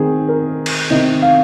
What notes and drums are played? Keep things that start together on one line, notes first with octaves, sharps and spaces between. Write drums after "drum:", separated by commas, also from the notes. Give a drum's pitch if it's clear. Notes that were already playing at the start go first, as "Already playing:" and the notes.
Already playing: D#3 C4 G#4
A#4
drum: cymbal
C3 D#3 C4 D#5
F5